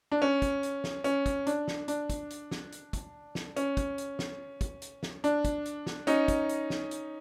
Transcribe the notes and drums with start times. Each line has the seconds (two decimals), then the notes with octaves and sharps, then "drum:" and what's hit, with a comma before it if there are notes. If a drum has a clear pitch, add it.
0.12 D4
0.22 C#4
0.42 drum: kick, hi-hat
0.63 drum: hi-hat
0.84 drum: snare
1.04 C#4, drum: hi-hat
1.26 drum: kick, hi-hat
1.47 D4, drum: hi-hat
1.68 drum: snare
1.88 D4, drum: hi-hat
2.10 drum: kick, hi-hat
2.30 drum: hi-hat
2.51 drum: snare
2.72 drum: hi-hat
2.93 drum: kick, hi-hat
3.35 drum: snare
3.56 C#4, drum: hi-hat
3.77 drum: kick, hi-hat
3.98 drum: hi-hat
4.19 drum: snare
4.61 drum: kick, hi-hat
4.82 drum: hi-hat
5.03 drum: snare
5.24 D4, drum: hi-hat
5.45 drum: kick, hi-hat
5.66 drum: hi-hat
5.86 drum: snare
6.07 C#4 D#4, drum: hi-hat
6.28 drum: kick, hi-hat
6.49 drum: hi-hat
6.70 drum: snare
6.91 drum: hi-hat